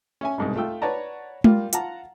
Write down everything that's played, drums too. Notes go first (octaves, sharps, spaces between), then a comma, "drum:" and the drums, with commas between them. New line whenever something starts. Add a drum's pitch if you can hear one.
C#4 E5 G#5
C2 G#2 B2
A3 F4 G5 E6
B4 C#5 D5 F#5 A5 A#5
G3 A#3 F4, drum: tom G#3
F4 F#5 A5 A#5, drum: hi-hat